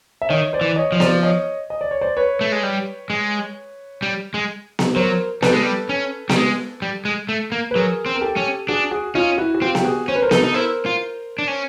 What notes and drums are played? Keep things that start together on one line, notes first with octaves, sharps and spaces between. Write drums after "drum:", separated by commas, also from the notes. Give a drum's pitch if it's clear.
E5
D#3 C#5 D#5
C5 D5
E3
C#5 D#5
F3 D#5
C5 D5, drum: snare B3
C#5 D#5
D#5
D5
C#5
C5 D5
B4 C#5
A3
G#3
G3
G#3
G3
G#3
drum: snare B3
F#3 A#4 C5
G3 A4 B4, drum: snare B3
G#3
G3
C#4
G3, drum: snare B3
G#3
G3
G#3
A3
A#3
B4
F#3 G#4 A#4
C4
A#4
G4 A4
C#4
D4 F#4 G#4
F#4 G#4
C#4 D#4 F4
E4 F#4
F#4
C4 F4 G4
G4, drum: snare B3
F#4 G#4
C#4 C5
B4
A#4 C5
D#4 A4 B4, drum: snare B3
D#4
E4 A#4 C5
F4
D4
C#4